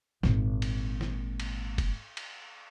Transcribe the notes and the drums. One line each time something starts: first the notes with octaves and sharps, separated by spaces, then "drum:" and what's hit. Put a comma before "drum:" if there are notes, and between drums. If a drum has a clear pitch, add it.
G#1 A#2, drum: snare
drum: cymbal
drum: snare
drum: cymbal
drum: kick F1, cymbal
drum: cymbal